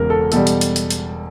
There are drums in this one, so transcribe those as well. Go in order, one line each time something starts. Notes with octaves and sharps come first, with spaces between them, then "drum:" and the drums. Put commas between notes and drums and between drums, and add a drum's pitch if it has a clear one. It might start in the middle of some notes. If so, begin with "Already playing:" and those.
Already playing: E1 E2 C#3 A#4
A4
E2 B2 G3 A4, drum: hi-hat
drum: hi-hat
drum: hi-hat
drum: hi-hat
drum: hi-hat